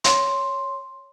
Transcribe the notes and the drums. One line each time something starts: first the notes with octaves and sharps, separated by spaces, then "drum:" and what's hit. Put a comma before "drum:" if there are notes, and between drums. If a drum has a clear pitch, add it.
C#5 C6, drum: hi-hat